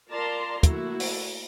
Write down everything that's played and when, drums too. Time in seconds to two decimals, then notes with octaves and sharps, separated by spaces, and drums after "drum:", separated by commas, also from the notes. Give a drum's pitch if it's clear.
0.11 F4 A#4 D5 A5 A#5 C6
0.63 A3 A#3 E4 F#4, drum: kick, hi-hat
1.00 drum: open hi-hat